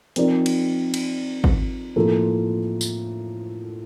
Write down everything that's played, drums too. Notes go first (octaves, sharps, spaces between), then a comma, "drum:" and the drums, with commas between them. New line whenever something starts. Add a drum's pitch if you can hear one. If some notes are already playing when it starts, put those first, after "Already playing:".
F3 C4 D#4 A#4 D5, drum: hi-hat
drum: cymbal
drum: cymbal
drum: kick G#1
A2 F3 A#3 F4 A4
drum: tambourine